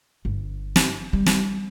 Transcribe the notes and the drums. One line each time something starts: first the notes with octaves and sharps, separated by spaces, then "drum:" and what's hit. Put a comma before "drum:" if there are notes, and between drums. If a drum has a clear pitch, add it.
G1
drum: snare
G3
drum: snare